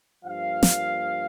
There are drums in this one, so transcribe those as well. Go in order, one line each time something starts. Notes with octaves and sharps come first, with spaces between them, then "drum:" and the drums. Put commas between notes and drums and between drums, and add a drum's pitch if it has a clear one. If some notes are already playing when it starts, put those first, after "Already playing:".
G2 F3 A#3 F5
drum: snare